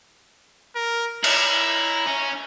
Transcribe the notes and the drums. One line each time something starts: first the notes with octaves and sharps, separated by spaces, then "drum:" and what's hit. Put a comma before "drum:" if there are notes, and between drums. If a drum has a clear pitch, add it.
A#4
E4 A#5, drum: cymbal
C#4